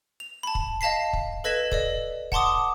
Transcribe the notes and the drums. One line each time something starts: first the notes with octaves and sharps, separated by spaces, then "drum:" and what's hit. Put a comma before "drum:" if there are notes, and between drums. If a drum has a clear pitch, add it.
F7
A5 B5
drum: kick
D#5 F5 A5 B6 C7
drum: kick
A4 B4 D#5 G#6 B6 E7
A4 D5 D#5, drum: kick
F#5 A5 C6 D6 D#6, drum: kick